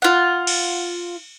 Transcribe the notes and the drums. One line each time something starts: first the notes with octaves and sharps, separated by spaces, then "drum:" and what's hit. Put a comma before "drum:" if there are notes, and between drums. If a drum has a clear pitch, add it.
F4 F#5
drum: cymbal